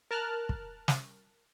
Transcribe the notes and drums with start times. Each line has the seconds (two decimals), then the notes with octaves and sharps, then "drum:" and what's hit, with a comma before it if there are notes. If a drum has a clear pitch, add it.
0.11 A#4 A5 F6 F#6
0.49 drum: kick
0.88 drum: snare